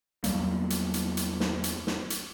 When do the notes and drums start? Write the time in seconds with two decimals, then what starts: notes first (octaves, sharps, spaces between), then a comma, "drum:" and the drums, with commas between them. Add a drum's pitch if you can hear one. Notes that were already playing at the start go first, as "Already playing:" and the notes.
0.24 E2 F#3 G3 A#3, drum: hi-hat
0.70 drum: hi-hat
0.94 drum: hi-hat
1.17 drum: hi-hat
1.40 drum: snare
1.64 drum: hi-hat
1.87 drum: snare
2.10 drum: hi-hat